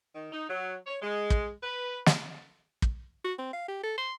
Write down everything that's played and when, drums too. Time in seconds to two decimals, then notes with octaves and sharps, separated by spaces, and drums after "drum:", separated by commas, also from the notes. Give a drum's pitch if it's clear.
0.15 D#3
0.33 D#4
0.49 F#3
0.87 C#5
1.02 G#3
1.30 drum: kick
1.63 B4
2.06 drum: snare
2.82 drum: kick
3.25 F#4
3.39 C4
3.53 F5
3.68 G4
3.84 A4
3.98 C6